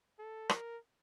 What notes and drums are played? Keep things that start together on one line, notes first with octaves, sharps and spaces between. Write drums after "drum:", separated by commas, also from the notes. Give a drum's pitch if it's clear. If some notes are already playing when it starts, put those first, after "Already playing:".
A4
A#4, drum: rim click